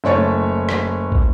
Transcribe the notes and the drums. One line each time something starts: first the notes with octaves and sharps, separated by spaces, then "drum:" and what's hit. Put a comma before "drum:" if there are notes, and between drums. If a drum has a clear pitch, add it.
F#1 A3 C#5 C#6 A6
drum: rim click
drum: kick